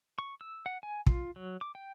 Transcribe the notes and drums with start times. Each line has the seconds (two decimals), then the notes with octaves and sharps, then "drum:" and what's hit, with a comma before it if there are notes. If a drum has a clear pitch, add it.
0.19 C#6
0.41 E6
0.66 F#5
0.83 G#5
1.07 F4, drum: kick
1.36 F#3
1.61 D6
1.75 G5